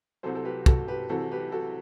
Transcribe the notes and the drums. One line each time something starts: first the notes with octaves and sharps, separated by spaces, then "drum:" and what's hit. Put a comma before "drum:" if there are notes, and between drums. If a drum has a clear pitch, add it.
C2 C3 F#3 A4 C5
A4
G4 B4
F#4 A4, drum: kick
G4 B4
C2 C3 E3 F#4 A4
G4 B4
F#4 A4